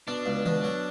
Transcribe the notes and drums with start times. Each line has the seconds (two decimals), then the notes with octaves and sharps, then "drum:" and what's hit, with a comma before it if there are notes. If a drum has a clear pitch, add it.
0.07 B2 D4
0.26 C#2
0.46 B2, drum: tom D#3
0.64 F#3